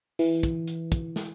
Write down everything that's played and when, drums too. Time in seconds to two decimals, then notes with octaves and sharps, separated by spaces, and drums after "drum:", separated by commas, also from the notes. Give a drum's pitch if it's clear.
0.19 E3, drum: open hi-hat
0.43 drum: kick, hi-hat
0.68 drum: hi-hat
0.92 drum: kick, hi-hat
1.16 drum: snare